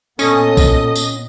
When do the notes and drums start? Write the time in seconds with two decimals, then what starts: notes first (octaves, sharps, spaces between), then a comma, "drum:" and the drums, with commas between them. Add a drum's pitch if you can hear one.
0.19 A#2 B3 C#4 A4 D#5 D#6, drum: tambourine
0.57 drum: kick B1, tambourine
0.96 drum: tambourine